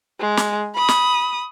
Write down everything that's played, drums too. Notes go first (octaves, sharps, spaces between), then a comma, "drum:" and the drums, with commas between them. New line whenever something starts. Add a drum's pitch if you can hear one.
G#3
drum: snare
B5 D#6
drum: snare